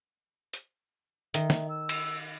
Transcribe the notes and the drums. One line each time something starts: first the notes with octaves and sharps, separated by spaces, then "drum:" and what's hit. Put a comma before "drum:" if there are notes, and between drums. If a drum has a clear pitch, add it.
drum: hi-hat
D#3 E5, drum: hi-hat
drum: snare
E6
drum: cymbal